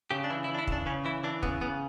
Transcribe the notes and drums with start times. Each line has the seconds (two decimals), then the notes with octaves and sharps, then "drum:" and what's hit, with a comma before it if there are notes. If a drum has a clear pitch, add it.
0.11 C#3 G4
0.24 D4
0.30 E3 E4
0.44 E4
0.49 E3
0.54 D4
0.59 E4
0.67 C#3 D4, drum: kick
0.86 C#3 C#4
1.05 E3 E4
1.24 E3 D4
1.43 C#3 B3, drum: kick
1.61 C#3 B3